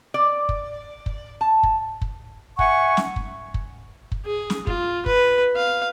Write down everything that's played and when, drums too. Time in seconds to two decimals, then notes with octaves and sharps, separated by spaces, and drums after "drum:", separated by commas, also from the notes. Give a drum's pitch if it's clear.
0.14 D5
0.49 drum: kick
1.06 drum: kick
1.41 A5
1.63 drum: kick
2.02 drum: kick
2.59 E5 F#5 G#5 C#6, drum: kick
2.97 drum: snare
3.16 drum: kick
3.54 drum: kick
4.12 drum: kick
4.25 G#4
4.50 drum: snare
4.67 F4, drum: kick
5.06 B4, drum: kick
5.56 F5